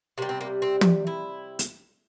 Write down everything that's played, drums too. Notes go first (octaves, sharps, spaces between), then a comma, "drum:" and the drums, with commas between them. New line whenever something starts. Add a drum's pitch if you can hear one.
C3 G3 A#3
C4
A#3
C4
drum: tom
E4
drum: hi-hat